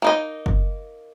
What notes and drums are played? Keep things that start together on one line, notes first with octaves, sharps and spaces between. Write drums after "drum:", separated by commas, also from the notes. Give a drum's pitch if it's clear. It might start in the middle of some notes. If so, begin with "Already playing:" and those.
A#3 D#4 D#5
drum: kick F#1